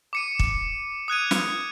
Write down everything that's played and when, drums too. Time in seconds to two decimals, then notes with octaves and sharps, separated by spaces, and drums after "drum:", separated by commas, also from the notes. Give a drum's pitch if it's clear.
0.13 D6 C#7 D#7
0.39 drum: kick
1.08 D#6 F#6 G#6 D#7
1.31 drum: snare